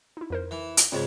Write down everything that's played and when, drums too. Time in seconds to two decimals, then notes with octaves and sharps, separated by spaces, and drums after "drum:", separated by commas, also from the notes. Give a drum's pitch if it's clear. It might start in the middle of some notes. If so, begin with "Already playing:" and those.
0.17 D#4 E4
0.30 F2 A#4 C5
0.51 E3
0.77 drum: hi-hat
0.92 C#2 G#2 C4 C#5 G#6